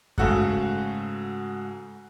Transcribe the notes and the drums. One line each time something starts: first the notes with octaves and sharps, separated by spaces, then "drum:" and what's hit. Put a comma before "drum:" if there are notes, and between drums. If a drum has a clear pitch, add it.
G#2 C#3 A3 F#4 A4 F#6, drum: kick F#2